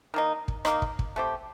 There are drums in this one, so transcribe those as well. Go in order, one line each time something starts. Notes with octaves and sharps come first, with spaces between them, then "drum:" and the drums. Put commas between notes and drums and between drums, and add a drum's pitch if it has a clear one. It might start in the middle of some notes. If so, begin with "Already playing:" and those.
D#3 A#3 D#4
drum: kick
D#3 A#3 D#4, drum: rim click
drum: kick
drum: kick
A3 C4 G4